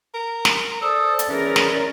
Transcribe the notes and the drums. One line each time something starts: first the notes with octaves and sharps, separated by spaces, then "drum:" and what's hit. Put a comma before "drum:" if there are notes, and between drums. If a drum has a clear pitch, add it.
A#4
drum: snare
A4 C5 D5 D#6
drum: hi-hat
E3 C#4 G#4 A#4
drum: snare